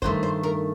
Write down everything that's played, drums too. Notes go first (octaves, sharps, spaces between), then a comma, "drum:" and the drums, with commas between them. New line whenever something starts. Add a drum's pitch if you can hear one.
G2 D#3 A3 C5, drum: kick F#2
C5
A#4